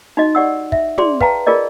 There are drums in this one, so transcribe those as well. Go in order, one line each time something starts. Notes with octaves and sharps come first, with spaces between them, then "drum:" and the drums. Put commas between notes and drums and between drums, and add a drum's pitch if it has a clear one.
D#4 F#4 D#5
G4 D5 F#5 E6
E5, drum: kick
G#4 D5 C6, drum: tom
B4 F5 G5 A5 A#5, drum: kick
F4 G#4 A#4 D5 D#5